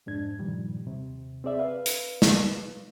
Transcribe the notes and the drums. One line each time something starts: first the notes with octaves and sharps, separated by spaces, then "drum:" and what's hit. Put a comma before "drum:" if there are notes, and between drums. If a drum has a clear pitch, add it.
F2 G#2 D4 G#6
G2 A#2 D#3 F3 G3
D#2 C3
C4 G#4 D5 E5
B4 F5
drum: hi-hat
drum: snare